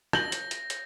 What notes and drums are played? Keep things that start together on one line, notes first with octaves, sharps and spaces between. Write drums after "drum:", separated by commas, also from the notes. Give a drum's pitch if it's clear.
G6 A#6 F#7, drum: rim click
drum: hi-hat
drum: hi-hat
drum: hi-hat